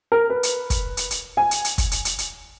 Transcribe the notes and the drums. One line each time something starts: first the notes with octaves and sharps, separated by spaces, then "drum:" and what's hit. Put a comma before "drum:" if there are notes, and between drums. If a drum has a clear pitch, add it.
A#4
B4
drum: hi-hat
drum: kick, hi-hat
drum: hi-hat
drum: hi-hat
G#5
drum: hi-hat
drum: hi-hat
drum: kick, hi-hat
drum: hi-hat
drum: hi-hat
drum: hi-hat